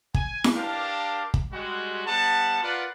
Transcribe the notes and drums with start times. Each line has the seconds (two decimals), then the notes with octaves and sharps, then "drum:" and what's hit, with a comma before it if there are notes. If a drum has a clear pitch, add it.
0.14 G#5, drum: kick
0.44 drum: snare E4
0.55 D4 G4 A#4 F5 A5 D6
1.34 drum: kick
1.52 G3 G#3 F#4
2.06 G3 B3 F#5 A5
2.63 F4 A#4 B4 D5 F#5